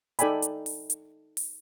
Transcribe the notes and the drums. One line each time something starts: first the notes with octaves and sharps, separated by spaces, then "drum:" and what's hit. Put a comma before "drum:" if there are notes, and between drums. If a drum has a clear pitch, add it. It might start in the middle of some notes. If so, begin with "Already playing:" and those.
D#4 A4 D5 G5 G#5 B5, drum: hi-hat
drum: hi-hat
drum: open hi-hat
drum: hi-hat
drum: open hi-hat